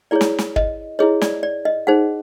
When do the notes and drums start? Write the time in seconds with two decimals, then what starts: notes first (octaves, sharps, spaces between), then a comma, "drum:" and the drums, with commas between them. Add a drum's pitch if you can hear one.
0.11 E4 G#4 C#5 D5
0.21 drum: snare
0.39 drum: snare
0.56 D#5, drum: kick
0.99 E4 G#4 C#5 D#5
1.22 D5, drum: snare
1.43 D5
1.65 D#5
1.87 D#4 G#4 C5 F#5